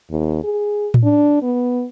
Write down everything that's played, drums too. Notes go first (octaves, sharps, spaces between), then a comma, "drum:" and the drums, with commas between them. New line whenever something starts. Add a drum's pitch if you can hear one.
D#2
G#4
drum: tom A2
D4
B3